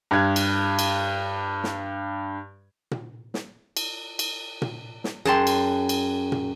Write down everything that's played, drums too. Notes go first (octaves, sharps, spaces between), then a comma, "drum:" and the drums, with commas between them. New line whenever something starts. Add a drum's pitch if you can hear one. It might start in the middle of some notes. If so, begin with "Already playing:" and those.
G2 G#6
drum: cymbal
drum: cymbal
drum: snare
drum: tom A#2
drum: snare
drum: cymbal
drum: cymbal
drum: tom A#2
drum: snare
F#2 G#4 G5 A5 C6
drum: cymbal
drum: cymbal
drum: tom A#2